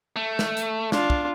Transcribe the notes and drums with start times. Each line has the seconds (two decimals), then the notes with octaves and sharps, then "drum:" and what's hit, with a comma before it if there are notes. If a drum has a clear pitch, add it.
0.16 A3
0.39 drum: snare
0.57 drum: hi-hat
0.92 D4 F4, drum: snare
1.10 drum: kick